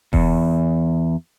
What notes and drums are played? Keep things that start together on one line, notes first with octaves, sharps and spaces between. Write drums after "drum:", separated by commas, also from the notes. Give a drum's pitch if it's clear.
E2, drum: kick F1